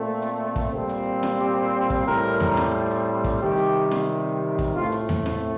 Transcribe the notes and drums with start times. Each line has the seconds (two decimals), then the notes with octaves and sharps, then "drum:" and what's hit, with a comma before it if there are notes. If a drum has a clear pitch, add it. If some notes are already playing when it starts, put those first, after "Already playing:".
Already playing: A#2 A3 C4
0.22 drum: hi-hat
0.56 drum: kick, hi-hat
0.72 A#2 G3 C4
0.89 drum: hi-hat
1.23 drum: snare
1.40 G4
1.90 drum: kick, hi-hat
2.07 A2 G3 C4 A#4
2.24 drum: hi-hat
2.40 drum: tom E2
2.57 drum: snare
2.91 drum: hi-hat
3.24 drum: kick, hi-hat
3.41 C3 D#3 G3 G4
3.58 drum: hi-hat
3.91 drum: snare
4.59 drum: kick, hi-hat
4.75 A2 A3 C4 F4
4.92 drum: hi-hat
5.09 drum: tom E2
5.26 drum: snare